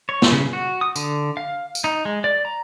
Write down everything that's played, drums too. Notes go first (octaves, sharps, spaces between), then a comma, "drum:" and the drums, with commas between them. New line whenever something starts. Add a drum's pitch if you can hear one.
C#5
drum: snare
C#3
F#4
D#6
D3, drum: tambourine
F5
drum: tambourine
D#4
G#3
D5
A#5